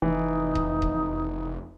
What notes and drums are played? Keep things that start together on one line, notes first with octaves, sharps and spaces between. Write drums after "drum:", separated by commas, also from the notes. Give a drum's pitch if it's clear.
F1 E3 D#4
drum: kick D#1
drum: kick D#1